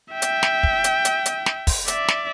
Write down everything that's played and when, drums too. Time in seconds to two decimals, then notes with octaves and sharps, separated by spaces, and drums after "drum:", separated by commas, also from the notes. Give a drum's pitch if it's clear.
0.13 E5 G5
0.22 drum: hi-hat
0.43 drum: snare
0.63 drum: kick
0.84 drum: hi-hat
1.05 drum: hi-hat
1.26 drum: hi-hat
1.46 drum: snare
1.67 drum: kick, open hi-hat
1.88 D5 E5, drum: hi-hat
2.08 drum: snare